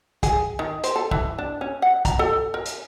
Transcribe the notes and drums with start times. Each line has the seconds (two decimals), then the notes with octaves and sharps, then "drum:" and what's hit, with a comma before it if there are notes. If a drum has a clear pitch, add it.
0.23 G#4, drum: kick, hi-hat
0.59 D#3
0.84 C5, drum: hi-hat
0.96 A4
1.11 E3, drum: kick
1.39 D4
1.61 C#4
1.82 F#5
2.05 A#5, drum: kick, hi-hat
2.19 A4
2.54 A#4
2.66 drum: hi-hat